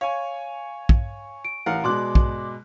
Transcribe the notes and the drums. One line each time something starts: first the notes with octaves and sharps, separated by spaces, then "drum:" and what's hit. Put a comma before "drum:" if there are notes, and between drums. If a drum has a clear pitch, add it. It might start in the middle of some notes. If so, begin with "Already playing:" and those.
C#5 F5 G#5
drum: kick
D7
A1 A#4 F5 F#5
B2 G#3 D5 C6 D6 F#6
drum: kick